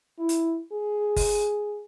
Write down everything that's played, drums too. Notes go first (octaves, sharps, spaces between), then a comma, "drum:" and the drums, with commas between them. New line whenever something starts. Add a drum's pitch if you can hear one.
E4
drum: hi-hat
G#4
drum: kick G1, open hi-hat